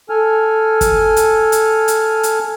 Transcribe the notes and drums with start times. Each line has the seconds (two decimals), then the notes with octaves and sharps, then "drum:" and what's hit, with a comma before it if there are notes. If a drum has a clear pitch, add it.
0.10 A4 G#5 F6
0.81 drum: kick, hi-hat
1.16 drum: hi-hat
1.52 drum: hi-hat
1.88 drum: hi-hat
2.23 drum: hi-hat